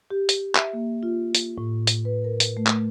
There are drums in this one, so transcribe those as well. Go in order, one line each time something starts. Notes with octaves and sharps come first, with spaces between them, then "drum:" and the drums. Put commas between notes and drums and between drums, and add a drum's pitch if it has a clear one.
G4
drum: hi-hat
E5, drum: clap
A#3
F4
drum: hi-hat
A2
drum: hi-hat
B4
A#4
drum: hi-hat
A3
drum: clap